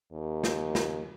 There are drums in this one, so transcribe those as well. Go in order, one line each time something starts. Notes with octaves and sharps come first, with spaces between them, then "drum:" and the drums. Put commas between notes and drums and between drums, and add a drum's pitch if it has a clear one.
D#2
drum: snare
drum: snare